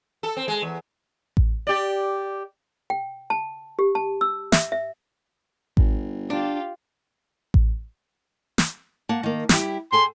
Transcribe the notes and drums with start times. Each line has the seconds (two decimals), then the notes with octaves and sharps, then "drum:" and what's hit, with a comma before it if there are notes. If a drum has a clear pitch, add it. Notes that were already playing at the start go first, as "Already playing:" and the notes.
0.23 A4
0.37 C4
0.48 G#3
0.62 E2
1.37 drum: kick A1
1.67 G4 D5
2.90 G5
3.30 A5
3.79 G4
3.95 A5
4.21 E6
4.52 E5, drum: snare
4.72 E5
5.77 G1, drum: kick A1
6.30 D4 F4 G4
7.54 drum: kick A1
8.58 drum: snare
9.09 A#3 F#5 A5
9.23 D#3 A#3
9.49 G3 E4 G4, drum: snare
9.92 G#4 A4 G5 C6